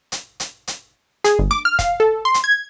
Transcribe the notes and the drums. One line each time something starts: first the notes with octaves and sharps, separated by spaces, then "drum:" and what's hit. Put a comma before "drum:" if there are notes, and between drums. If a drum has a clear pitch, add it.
drum: hi-hat
drum: hi-hat
drum: hi-hat
G#4, drum: hi-hat
G1
D6, drum: snare
F6
F5, drum: kick, hi-hat
A4
C6
drum: hi-hat
G#6